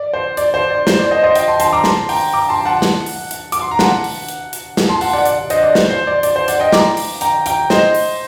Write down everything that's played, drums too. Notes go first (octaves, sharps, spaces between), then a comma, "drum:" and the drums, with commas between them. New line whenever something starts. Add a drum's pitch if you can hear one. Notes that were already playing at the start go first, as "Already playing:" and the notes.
Already playing: D5
C5
D5, drum: hi-hat
C5
D5
C5, drum: snare
D5
C5 D#5
C5 D#5
D#5 G5, drum: hi-hat
A5 C6
A5 C6, drum: hi-hat
A#5 D6
A5 C6, drum: snare
G5 A#5, drum: open hi-hat
A#5 D6
A5 C6
F#5 A5
drum: snare
drum: open hi-hat
drum: hi-hat
D6, drum: hi-hat
C6
A#5
F#5 A5, drum: snare
drum: open hi-hat
drum: hi-hat
drum: hi-hat
drum: snare
A5 C6
F#5 A5, drum: open hi-hat
D5 F#5
D5, drum: hi-hat
C5 D#5, drum: hi-hat
D5
C5, drum: snare
C5
D5
D5, drum: hi-hat
C5
D5 F#5, drum: hi-hat
D#5 G5
A#5 D6, drum: snare
drum: open hi-hat
G5 A#5, drum: hi-hat
G5 A#5, drum: hi-hat
C5 D#5, drum: snare
drum: open hi-hat